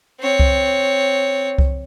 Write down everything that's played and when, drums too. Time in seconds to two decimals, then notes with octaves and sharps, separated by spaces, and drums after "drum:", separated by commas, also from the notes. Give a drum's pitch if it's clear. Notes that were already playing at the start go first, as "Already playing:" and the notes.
0.20 C4 C#5
0.39 drum: kick C2
1.58 drum: kick C2